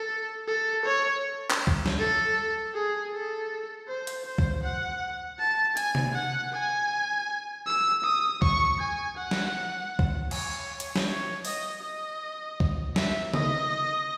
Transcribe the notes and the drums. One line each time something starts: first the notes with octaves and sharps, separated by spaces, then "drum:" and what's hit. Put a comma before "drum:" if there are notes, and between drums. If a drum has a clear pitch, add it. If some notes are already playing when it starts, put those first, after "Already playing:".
Already playing: A4
A4
C#5
drum: clap
drum: kick
drum: snare
A4
G#4
A4
C5
drum: hi-hat
C5
drum: kick
F#5
A5
G#5, drum: hi-hat
drum: tom C3
F#5
G#5
E6
D#6
C#6, drum: kick
G#5
F#5
drum: snare
drum: kick
C#5, drum: cymbal
drum: hi-hat
drum: snare
C#5
D#5, drum: open hi-hat
D#5
drum: kick
E5, drum: snare
D#5, drum: tom C#3